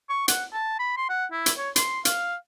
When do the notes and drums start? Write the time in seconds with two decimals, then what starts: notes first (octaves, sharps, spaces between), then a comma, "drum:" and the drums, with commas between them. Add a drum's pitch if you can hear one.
0.09 C#6
0.28 F#5, drum: hi-hat
0.53 A5
0.79 B5
0.97 C6
1.09 F#5
1.32 E4
1.46 drum: hi-hat
1.57 C#5
1.76 C6, drum: hi-hat
2.05 F5, drum: hi-hat